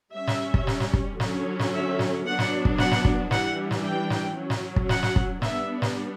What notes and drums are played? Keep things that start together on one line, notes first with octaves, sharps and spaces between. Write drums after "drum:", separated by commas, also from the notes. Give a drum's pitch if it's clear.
G3 C#4 E5
drum: snare
drum: kick
drum: snare
drum: snare
drum: kick
D3 F#3 C#4, drum: snare
drum: snare
E5
drum: snare
F#3 B3 D4 F#5
drum: snare
drum: kick
F#5, drum: snare
drum: snare
drum: kick
E3 G3 D4 F#5, drum: snare
drum: snare
G5
drum: snare
F#3 C#4
drum: snare
drum: kick
F#5, drum: snare
drum: snare
drum: kick
G3 B3 D4 E5, drum: snare
drum: snare